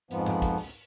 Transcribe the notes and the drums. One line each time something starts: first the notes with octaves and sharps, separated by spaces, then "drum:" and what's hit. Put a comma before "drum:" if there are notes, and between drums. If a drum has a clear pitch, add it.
F2 G#2 F3 B3, drum: hi-hat
drum: tom G#2
drum: kick, hi-hat
drum: open hi-hat